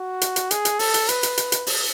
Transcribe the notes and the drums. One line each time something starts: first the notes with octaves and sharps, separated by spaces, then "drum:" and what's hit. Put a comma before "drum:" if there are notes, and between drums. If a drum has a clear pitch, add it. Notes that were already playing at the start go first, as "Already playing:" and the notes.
Already playing: F#4
drum: hi-hat
drum: hi-hat
G#4, drum: hi-hat
drum: hi-hat
A4, drum: open hi-hat
drum: hi-hat
B4, drum: hi-hat
drum: hi-hat
drum: hi-hat
drum: hi-hat
drum: open hi-hat